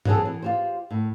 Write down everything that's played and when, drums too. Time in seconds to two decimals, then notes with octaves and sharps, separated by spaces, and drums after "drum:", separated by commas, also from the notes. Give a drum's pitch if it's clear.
0.05 E3 F#3 C4 G#4 A4, drum: tom G2
0.25 E3
0.42 F4 G4 C5
0.91 A2